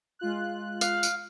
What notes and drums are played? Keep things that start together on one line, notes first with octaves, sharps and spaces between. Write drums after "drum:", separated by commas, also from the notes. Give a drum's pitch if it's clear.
G#3 F4 F#6
F5, drum: tambourine
drum: tambourine